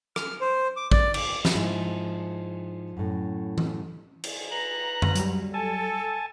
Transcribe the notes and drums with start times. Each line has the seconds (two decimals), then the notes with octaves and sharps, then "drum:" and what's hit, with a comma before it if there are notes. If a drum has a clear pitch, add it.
0.16 F6, drum: rim click
0.41 C5
0.77 D6
0.91 D5, drum: kick A1
1.14 D6, drum: cymbal
1.45 drum: snare
1.55 G#2 F3 D#4 E4
2.97 F#2 A2
3.58 drum: tom E3
4.24 drum: cymbal
4.52 B4 A#5 F#6
5.02 drum: tom F#2
5.15 F#3 G3, drum: hi-hat
5.54 A4 G#5 A5